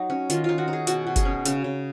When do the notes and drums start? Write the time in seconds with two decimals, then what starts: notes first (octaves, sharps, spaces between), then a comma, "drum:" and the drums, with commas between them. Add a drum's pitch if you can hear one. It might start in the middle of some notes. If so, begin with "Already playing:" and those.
Already playing: F#3 D#4
0.10 C#4
0.30 D#3 F4, drum: hi-hat
0.44 D#4 F4
0.58 F#4
0.68 D#4
0.73 G#4
0.87 B2 F#4, drum: hi-hat
1.07 B2
1.16 G#4, drum: kick, hi-hat
1.25 C#4
1.45 C#3, drum: hi-hat
1.64 C#3